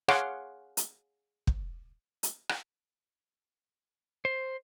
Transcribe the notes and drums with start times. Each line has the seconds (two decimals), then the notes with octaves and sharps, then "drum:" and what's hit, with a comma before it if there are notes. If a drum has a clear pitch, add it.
0.08 G#4 C#5 F5 F#5 C6 D6, drum: rim click
0.77 drum: hi-hat
1.47 drum: kick
2.23 drum: hi-hat
2.49 drum: rim click
4.25 C5